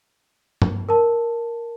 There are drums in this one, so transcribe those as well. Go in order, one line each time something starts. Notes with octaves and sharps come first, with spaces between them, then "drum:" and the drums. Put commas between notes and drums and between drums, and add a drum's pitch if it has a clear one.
drum: tom G2
A#4 A5